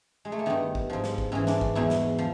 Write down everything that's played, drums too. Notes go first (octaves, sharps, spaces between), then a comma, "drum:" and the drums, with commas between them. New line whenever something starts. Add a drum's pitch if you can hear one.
G#3
A3
A#3
G2 D#3 B3
drum: kick
G#2 F3
drum: snare
drum: kick
G#2 E3 C#4
D4, drum: snare
drum: kick
E2 B2 E4
drum: snare
F3